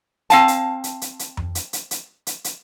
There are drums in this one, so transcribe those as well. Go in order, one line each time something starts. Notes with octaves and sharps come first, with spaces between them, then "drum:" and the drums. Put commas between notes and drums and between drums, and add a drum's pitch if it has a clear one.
C4 F5 A5, drum: hi-hat
drum: hi-hat
drum: hi-hat
drum: hi-hat
drum: hi-hat
drum: tom F2
drum: hi-hat
drum: hi-hat
drum: hi-hat
drum: hi-hat
drum: hi-hat